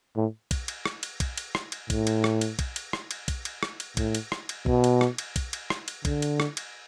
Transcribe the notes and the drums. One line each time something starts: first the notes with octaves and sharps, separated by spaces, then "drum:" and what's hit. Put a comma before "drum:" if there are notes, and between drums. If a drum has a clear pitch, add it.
A2
drum: kick, cymbal
drum: cymbal
drum: rim click
drum: cymbal
drum: kick, cymbal
drum: cymbal
drum: rim click
drum: cymbal
A2, drum: kick, cymbal
drum: cymbal
drum: rim click
drum: cymbal
drum: kick, cymbal
drum: cymbal
drum: rim click
drum: cymbal
drum: kick, cymbal
drum: cymbal
drum: rim click
drum: cymbal
A2, drum: kick, cymbal
drum: cymbal
drum: rim click
drum: cymbal
B2, drum: kick
drum: cymbal
drum: rim click
drum: cymbal
drum: kick, cymbal
drum: cymbal
drum: rim click
drum: cymbal
D3, drum: kick, cymbal
drum: cymbal
drum: rim click
drum: cymbal